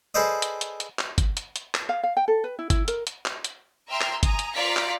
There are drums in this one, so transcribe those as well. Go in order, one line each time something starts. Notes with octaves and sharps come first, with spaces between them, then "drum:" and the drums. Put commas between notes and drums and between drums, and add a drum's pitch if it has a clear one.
G#4 A4 B4 C5 D5 D#5
drum: hi-hat
drum: hi-hat
drum: hi-hat
drum: clap
drum: kick, hi-hat
drum: hi-hat
drum: hi-hat
drum: clap
F5
F5
G5
A4
B4
E4
E4, drum: kick, hi-hat
A#4, drum: hi-hat
drum: hi-hat
drum: clap
drum: hi-hat
E5 G5 A#5 C6 F6
drum: clap
G#5 A#5 D#6, drum: kick, hi-hat
drum: hi-hat
F4 D5 F5 A#5 B6 C#7
drum: clap